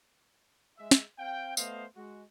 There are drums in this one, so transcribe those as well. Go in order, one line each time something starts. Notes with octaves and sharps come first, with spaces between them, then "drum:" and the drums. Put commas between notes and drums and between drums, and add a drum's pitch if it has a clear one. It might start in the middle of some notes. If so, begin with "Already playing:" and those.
G#3 E5
drum: snare
C4 F5 G5
A3 B3 C5 D#5 F5, drum: tambourine
G#3 F#4